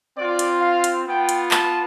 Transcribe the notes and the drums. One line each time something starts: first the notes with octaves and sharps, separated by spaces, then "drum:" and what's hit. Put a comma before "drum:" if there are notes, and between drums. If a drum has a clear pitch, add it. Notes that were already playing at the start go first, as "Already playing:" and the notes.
C4 F4 D5
drum: hi-hat
F5
drum: hi-hat
B3 F4 G5
drum: hi-hat
A5, drum: clap